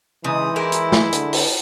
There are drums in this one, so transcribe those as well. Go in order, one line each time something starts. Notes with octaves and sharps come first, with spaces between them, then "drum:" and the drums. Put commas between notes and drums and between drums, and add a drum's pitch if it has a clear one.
C#3 E3 G#3 D#4 D5 D#6
G#3 E4 A#4 E5 G5 C6
drum: hi-hat
drum: snare
D3, drum: hi-hat
drum: open hi-hat